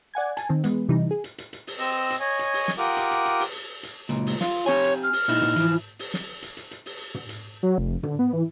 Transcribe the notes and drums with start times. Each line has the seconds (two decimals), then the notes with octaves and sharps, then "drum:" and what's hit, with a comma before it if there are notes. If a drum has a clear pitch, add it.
0.14 D5 F#5 G#5 G#6
0.37 G#5 A5, drum: hi-hat
0.49 D#3 C4
0.64 E3 G#3 B3, drum: hi-hat
0.89 C3 E3 G3 D#4
1.11 G#4
1.24 drum: hi-hat
1.38 drum: hi-hat
1.53 drum: hi-hat
1.67 drum: open hi-hat
1.79 C4 D#5 E6
2.10 drum: hi-hat
2.20 C#5 D#5 G#5
2.39 drum: hi-hat
2.54 drum: open hi-hat
2.68 drum: snare
2.78 F4 G4 A#4 F#5 D6 D#6
2.97 drum: hi-hat
3.11 drum: hi-hat
3.26 drum: hi-hat
3.40 drum: open hi-hat
3.83 drum: hi-hat
4.09 C#2 A#2, drum: hi-hat
4.26 drum: open hi-hat
4.41 F4, drum: snare
4.66 C4 G4 C#5 G#5
4.84 drum: hi-hat
5.03 F6
5.13 drum: open hi-hat
5.28 A#2 D#4 E4
5.42 drum: tom
5.56 E3 F3 E4, drum: hi-hat
5.99 drum: open hi-hat
6.14 drum: snare
6.42 drum: hi-hat
6.57 drum: hi-hat
6.71 drum: hi-hat
6.86 drum: open hi-hat
7.15 drum: tom
7.29 drum: hi-hat
7.63 F#3
7.78 F1
8.03 D3, drum: tom
8.19 B3
8.33 E3